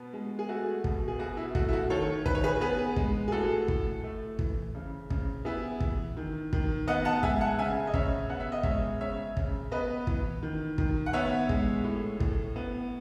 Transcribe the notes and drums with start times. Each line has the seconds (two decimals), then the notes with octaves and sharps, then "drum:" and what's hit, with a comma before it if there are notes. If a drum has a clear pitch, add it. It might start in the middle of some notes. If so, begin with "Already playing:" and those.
Already playing: B2 B3
0.13 G#3
0.39 G#4
0.48 A3 F#4
0.84 B2, drum: kick
1.08 G#4
1.19 B2 F#4
1.37 E4
1.55 A3 F#4, drum: kick
1.69 E4
1.73 F#4
1.90 D#3 A4 C#5
2.26 D#3 B4, drum: kick
2.35 C#5
2.44 G#4 B4
2.61 B3 G#4 B4
2.96 G#3, drum: kick
3.28 G#4
3.32 A2 F#4 A4
3.68 A2, drum: kick
4.04 A3
4.39 E3, drum: kick
4.75 C#3
5.10 C#3, drum: kick
5.45 B3 E4 G#4
5.80 E3, drum: kick
6.17 D#3
6.53 D#3, drum: kick
6.87 B3 D#5 F#5
7.05 F#5 A5
7.23 G#3 E5 G#5, drum: kick
7.41 F#5 A5
7.59 C#3 E5 G#5
7.87 D#5
7.94 C#3 C#5 E5, drum: kick
8.30 B3 F#5
8.40 E5
8.52 D#5
8.63 G#3 C#5 E5, drum: kick
9.01 C#3 C#5 E5
9.37 C#3, drum: kick
9.72 B3 B4 D#5
10.07 E3, drum: kick
10.42 D#3
10.78 D#3, drum: kick
11.06 F#5
11.13 B3 C#5 E5
11.49 G#3, drum: kick
11.84 A2
12.20 A2, drum: kick
12.56 B3